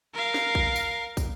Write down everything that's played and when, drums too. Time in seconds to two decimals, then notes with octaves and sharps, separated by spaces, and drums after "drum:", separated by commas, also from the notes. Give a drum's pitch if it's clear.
0.14 A#4 F5
0.34 drum: snare
0.55 drum: kick
0.76 drum: tambourine
1.17 drum: kick, tambourine